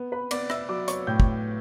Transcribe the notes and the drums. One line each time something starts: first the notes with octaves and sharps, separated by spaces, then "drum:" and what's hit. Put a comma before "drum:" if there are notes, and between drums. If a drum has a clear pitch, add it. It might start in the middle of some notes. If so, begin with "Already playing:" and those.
Already playing: B3
B4 B5
B3 D5 D6, drum: cymbal
E5 E6, drum: rim click
F#3 D5 D6
C#5 C#6, drum: hi-hat
A2 G5 G6
drum: kick